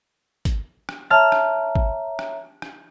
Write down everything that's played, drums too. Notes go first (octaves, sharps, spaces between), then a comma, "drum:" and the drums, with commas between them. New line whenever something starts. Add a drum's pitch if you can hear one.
drum: kick, hi-hat
drum: rim click
C#5 E5 A5 A#5 F6
drum: rim click
drum: kick
drum: rim click
drum: rim click